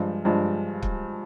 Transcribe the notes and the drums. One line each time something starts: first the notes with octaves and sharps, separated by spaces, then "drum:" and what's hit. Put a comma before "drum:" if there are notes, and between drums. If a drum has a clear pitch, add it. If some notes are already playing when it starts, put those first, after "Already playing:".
Already playing: G2 F3 G#3
G2 F3 G#3
drum: kick